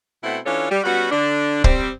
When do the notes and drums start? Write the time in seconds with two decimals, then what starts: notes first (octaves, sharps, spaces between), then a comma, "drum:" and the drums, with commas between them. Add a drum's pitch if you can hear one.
0.24 B2 A3 C4 E4 F#5
0.46 E3 C#4 D4 F4 A4 C#5
0.70 G3
0.84 G3 B3 C#4 F#4
1.11 D3 D4
1.64 G3 C4, drum: kick C#1